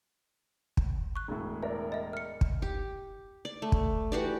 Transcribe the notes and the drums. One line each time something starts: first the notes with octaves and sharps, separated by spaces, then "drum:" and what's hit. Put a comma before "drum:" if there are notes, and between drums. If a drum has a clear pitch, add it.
drum: kick
C#6 F#6
E1 A2
A#4 D5 E5
D#5 E5
F6 C#7
drum: kick
G4
D5
A3
drum: kick
E3 F#4 G4 D5